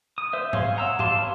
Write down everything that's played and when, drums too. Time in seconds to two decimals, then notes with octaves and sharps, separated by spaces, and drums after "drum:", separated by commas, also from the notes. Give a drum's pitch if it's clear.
0.18 D#6
0.33 C5 E5
0.53 G#4 C#5 F5 C6, drum: tom
0.76 F#5 A#5 E6
0.99 G4 F5 A5 C6, drum: tom
1.20 B3 C#5